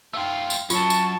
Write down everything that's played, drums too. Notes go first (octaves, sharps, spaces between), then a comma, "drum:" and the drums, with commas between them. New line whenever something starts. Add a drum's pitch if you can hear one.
A3 F4 F5 G5 E6
drum: tambourine
F#2 F#3 F4 A5 C#6, drum: tambourine
drum: tambourine